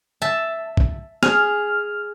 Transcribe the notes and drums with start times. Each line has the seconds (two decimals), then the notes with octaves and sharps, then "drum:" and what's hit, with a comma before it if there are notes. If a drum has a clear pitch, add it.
0.22 E5 A5
0.77 drum: kick
1.23 G#4 F6, drum: snare